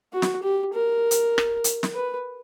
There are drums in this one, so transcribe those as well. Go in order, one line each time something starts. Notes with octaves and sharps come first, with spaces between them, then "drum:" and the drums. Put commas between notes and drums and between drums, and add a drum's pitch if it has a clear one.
F#4
drum: snare
G4
A#4
drum: hi-hat
drum: rim click
drum: hi-hat
drum: snare
B4